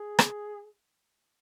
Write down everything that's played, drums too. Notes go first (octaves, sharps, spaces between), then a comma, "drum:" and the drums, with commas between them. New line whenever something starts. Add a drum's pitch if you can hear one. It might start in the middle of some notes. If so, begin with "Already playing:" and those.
Already playing: G#4
drum: rim click